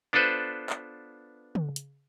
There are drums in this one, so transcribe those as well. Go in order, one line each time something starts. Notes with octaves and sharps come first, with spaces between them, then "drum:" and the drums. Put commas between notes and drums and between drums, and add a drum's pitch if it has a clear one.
B3 D4 F4 A4 B4 C5
drum: clap
drum: tom
drum: hi-hat